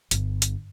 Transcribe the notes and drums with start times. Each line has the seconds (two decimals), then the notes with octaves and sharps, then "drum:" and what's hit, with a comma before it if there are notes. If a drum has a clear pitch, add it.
0.11 G1, drum: hi-hat
0.42 drum: hi-hat